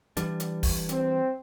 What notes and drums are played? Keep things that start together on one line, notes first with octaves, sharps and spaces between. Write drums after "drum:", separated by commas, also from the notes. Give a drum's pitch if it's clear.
E3 G3 D4, drum: hi-hat
drum: hi-hat
drum: kick, open hi-hat
C4, drum: hi-hat